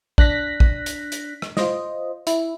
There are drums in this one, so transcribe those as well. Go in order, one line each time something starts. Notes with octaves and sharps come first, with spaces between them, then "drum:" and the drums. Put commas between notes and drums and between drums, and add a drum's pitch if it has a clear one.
D4 F#6 A#6 B6, drum: kick
drum: kick
drum: hi-hat
drum: hi-hat
drum: rim click
F4 C5 D#5, drum: snare
E4, drum: hi-hat